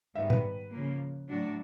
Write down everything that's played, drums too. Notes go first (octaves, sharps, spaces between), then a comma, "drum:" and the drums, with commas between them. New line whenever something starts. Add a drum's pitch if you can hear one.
G#2 D#3 G3 B3 E5
B4, drum: tom A#2
C#3 F3 A#3
A2 F#3 A3 D4 F#4